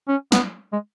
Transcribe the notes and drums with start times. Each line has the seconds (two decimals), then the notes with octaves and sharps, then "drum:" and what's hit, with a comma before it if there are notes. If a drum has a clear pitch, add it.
0.08 C#4
0.32 B3, drum: snare
0.73 G#3